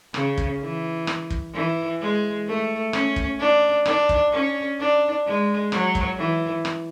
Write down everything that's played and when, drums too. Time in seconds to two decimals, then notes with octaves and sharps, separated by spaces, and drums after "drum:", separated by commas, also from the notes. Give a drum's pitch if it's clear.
0.14 C#3, drum: rim click
0.38 drum: kick
0.61 E3
1.07 drum: rim click
1.30 drum: kick
1.54 E3
2.01 G#3
2.47 A3
2.93 C#4, drum: rim click
3.16 drum: kick
3.39 D4
3.86 D4, drum: rim click
4.09 drum: kick
4.32 C#4
4.79 D4
5.26 G#3
5.72 F#3, drum: rim click
5.95 drum: kick
6.18 E3
6.65 drum: rim click